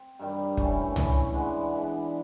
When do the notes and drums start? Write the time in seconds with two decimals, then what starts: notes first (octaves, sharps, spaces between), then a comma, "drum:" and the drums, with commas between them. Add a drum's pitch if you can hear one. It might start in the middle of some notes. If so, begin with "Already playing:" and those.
Already playing: C4
0.19 G2 D#3 G3
0.57 E3 A3 C#4, drum: kick
0.96 E3 A3 C#4, drum: tom
1.34 E3 G#3 B3 D4
1.72 E3 G#3 B3 D4